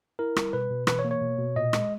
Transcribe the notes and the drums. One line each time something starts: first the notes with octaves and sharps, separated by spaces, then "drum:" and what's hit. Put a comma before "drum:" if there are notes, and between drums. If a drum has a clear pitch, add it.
E4 A#4
G3, drum: rim click
B2 B4
B2
E3 B4, drum: rim click
C#5
A#3
C#5
B2
B2
A#2 D#5
G#3, drum: rim click